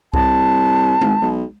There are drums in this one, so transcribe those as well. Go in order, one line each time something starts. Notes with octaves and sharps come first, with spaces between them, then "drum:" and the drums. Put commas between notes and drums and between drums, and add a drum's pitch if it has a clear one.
C2 A5, drum: kick C2
G#1, drum: tom G#3
B1